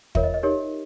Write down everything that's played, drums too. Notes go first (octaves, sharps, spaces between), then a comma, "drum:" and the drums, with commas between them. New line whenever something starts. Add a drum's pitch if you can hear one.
F4 A#4 C#5 E5, drum: kick
D#5
D#5
D#4 G4 A#4 C#5